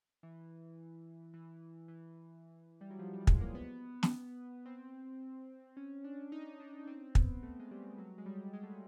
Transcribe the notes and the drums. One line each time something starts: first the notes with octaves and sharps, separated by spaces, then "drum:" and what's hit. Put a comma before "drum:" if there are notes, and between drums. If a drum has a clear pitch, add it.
E3
E3
E3
G3
F#3
F3
G3
G#3, drum: kick
A#3
B3
drum: snare
C4
C#4
D4
D#4
D4
C4
B3, drum: kick
A3
G#3
G3
F#3
G#3
G3
G#3
A3